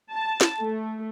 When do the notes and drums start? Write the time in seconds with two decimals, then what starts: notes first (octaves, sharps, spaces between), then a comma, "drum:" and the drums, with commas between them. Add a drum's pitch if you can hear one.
0.12 A5
0.41 drum: snare
0.61 A3